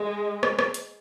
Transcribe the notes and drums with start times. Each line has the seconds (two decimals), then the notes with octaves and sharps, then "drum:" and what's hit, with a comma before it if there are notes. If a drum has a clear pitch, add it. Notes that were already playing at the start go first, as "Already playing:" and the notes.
Already playing: G#3
0.43 drum: rim click
0.59 drum: rim click
0.74 drum: hi-hat